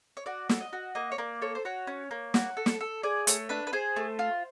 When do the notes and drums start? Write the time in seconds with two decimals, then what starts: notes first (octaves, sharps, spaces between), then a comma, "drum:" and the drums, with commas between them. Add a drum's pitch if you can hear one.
0.17 C#5
0.26 F#4 D5
0.49 A4, drum: snare
0.61 D#5
0.73 F#4
0.95 A#3 D#5
1.12 C#5
1.18 A#3 D5
1.42 A4 C#5
1.55 C5
1.65 F#4 C#5
1.87 C#4
2.11 A#3
2.34 F#4, drum: snare
2.57 A4
2.66 drum: snare
2.81 A4
3.03 G#4 D5
3.27 A3 C#5, drum: hi-hat
3.49 D4 B4
3.67 B4
3.73 G#4 C5
3.96 A3
4.19 F4